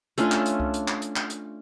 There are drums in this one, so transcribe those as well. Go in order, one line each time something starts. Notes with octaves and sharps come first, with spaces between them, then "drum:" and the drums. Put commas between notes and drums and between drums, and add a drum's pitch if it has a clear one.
A3 C#4 D4 F4, drum: hi-hat
drum: clap
drum: hi-hat
drum: kick C2
drum: hi-hat
drum: clap
drum: hi-hat
drum: clap
drum: hi-hat